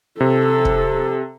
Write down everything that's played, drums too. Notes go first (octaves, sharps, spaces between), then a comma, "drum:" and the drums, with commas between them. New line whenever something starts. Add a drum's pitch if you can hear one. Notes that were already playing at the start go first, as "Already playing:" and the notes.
C3 A4
drum: kick